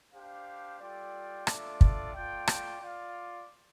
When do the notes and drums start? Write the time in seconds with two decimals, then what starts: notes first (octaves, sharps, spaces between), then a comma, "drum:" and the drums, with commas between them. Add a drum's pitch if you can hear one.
0.14 D4 G4 C5 F5
0.80 G3 F4 A4 D5 G5
1.47 A3 D4 F4 A4 D5, drum: rim click
1.81 drum: kick
2.14 A3 F4 D5 G5
2.47 drum: rim click
2.81 F4 D5 F5